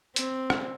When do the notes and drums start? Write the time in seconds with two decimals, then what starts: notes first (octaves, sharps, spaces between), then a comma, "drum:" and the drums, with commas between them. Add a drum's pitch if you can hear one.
0.16 C4, drum: hi-hat
0.50 drum: rim click